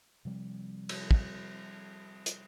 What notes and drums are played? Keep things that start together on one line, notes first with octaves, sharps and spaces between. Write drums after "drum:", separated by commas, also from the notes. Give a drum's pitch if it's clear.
C3 F3 G3 C4
drum: cymbal
drum: kick
drum: hi-hat